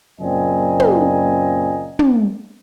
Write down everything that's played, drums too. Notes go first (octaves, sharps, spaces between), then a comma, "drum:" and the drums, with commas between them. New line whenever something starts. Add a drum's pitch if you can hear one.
F#1 F#2 A#2 C4 D#5 G#5
drum: tom
drum: tom